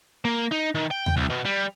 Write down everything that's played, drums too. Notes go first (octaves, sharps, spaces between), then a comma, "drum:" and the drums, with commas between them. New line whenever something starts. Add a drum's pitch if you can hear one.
A#3
D#4
D#3
G5
drum: tom D#2
C2
B2
G3